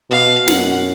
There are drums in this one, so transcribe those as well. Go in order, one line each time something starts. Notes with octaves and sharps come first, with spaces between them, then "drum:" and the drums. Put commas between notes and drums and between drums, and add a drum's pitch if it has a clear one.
B2 F5
F#2 F#5, drum: snare